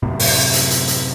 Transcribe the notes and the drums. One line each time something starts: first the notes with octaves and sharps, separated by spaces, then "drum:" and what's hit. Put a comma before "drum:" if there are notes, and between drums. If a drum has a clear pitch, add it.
F#2 A2 C3
drum: open hi-hat
drum: hi-hat
drum: hi-hat
drum: hi-hat